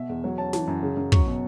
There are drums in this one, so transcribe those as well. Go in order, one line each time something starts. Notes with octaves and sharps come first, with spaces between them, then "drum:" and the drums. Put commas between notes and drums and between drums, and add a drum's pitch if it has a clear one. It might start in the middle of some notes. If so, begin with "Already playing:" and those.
Already playing: B2 E5
E2
F#3
C#4 A5
E3 A5, drum: snare
F#2
C#3
F#2
F#3 C#6, drum: kick
B2